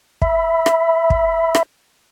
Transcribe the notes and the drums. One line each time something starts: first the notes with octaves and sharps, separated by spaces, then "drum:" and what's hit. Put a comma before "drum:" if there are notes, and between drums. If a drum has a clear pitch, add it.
E5 B5, drum: kick
drum: rim click
drum: kick
drum: rim click